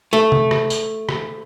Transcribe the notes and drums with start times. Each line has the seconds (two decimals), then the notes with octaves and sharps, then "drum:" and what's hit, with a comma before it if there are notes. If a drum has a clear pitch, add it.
0.13 A3
0.32 drum: tom C3
0.51 drum: rim click
0.70 drum: tambourine
1.09 drum: rim click